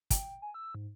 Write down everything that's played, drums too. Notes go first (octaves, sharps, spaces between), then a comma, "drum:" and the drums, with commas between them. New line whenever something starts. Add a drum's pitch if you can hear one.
G5, drum: kick, hi-hat
G#5
E6
G#2